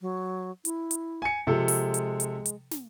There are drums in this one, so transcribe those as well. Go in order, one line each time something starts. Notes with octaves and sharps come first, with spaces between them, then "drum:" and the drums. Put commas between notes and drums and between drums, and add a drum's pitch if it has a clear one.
F#3
E4, drum: hi-hat
drum: hi-hat
G#5 C#7
C3 F3 G#3 A4
drum: open hi-hat
drum: hi-hat
drum: hi-hat
drum: hi-hat
drum: snare